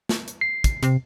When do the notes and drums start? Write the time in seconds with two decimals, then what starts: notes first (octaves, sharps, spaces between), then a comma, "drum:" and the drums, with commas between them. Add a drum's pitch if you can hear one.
0.09 drum: snare
0.28 drum: hi-hat
0.41 C7
0.64 drum: kick, hi-hat
0.83 C3, drum: hi-hat